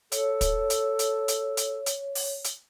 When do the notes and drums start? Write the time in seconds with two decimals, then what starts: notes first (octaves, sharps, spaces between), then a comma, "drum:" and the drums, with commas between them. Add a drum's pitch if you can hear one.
0.12 A4 C#5, drum: hi-hat
0.41 drum: kick, hi-hat
0.70 drum: hi-hat
0.99 drum: hi-hat
1.28 drum: hi-hat
1.57 drum: hi-hat
1.86 drum: hi-hat
2.15 drum: open hi-hat
2.44 drum: hi-hat